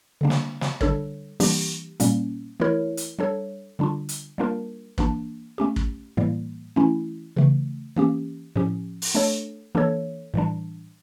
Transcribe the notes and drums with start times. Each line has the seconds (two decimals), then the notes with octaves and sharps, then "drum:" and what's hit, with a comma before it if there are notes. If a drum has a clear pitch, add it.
0.21 D3 G3 A#3 D4
0.30 drum: snare
0.61 drum: snare
0.81 D3 G3 D4 A4 C#5, drum: kick
1.40 E3 G3 A#3 D4 G4, drum: open hi-hat
2.00 A#2 G3 A#3 C#4, drum: hi-hat
2.60 E3 A3 E4 A#4 C#5
2.97 drum: hi-hat
3.19 G3 D4 A4 C#5
3.79 D3 G3 D4 F4
4.09 drum: hi-hat
4.38 G3 A#3 D4 F4 A#4
4.98 E3 A#3 D4, drum: kick
5.58 A3 C#4 G4
5.76 drum: kick
6.17 A2 E3 G3 A#3
6.76 E3 A3 C#4 E4
7.36 C#3 E3 A3
7.96 E3 A#3 C#4 G4
8.56 A2 F3 C#4 G4
9.02 drum: open hi-hat
9.15 A3 D4 A4 C#5
9.75 E3 A#3 D4 A4 C#5
10.34 A2 E3 G3 D4